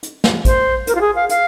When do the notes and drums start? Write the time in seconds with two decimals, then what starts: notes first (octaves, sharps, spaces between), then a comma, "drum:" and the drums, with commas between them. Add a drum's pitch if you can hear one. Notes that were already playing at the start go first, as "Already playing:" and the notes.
0.03 drum: hi-hat
0.24 drum: snare
0.45 C5, drum: kick A1, hi-hat
0.87 A#4, drum: hi-hat
0.95 F4
1.01 G#4
1.15 F5
1.29 F5, drum: hi-hat